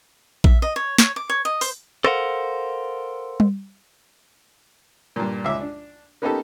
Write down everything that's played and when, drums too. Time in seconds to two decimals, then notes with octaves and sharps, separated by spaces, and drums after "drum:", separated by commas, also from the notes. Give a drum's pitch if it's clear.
0.44 E5, drum: kick A#1
0.62 D#5
0.76 C#5
0.98 C#5, drum: snare
1.16 D6
1.30 C#5
1.45 D#5
1.61 C5, drum: open hi-hat
2.04 A4 A#4 C5 D5 F5 F#5, drum: rim click
3.40 drum: tom G3
5.16 G2 A#2
5.44 C#2 E5 D6
5.61 D4
6.22 A#3 B3 C#4 D#4 G4 A4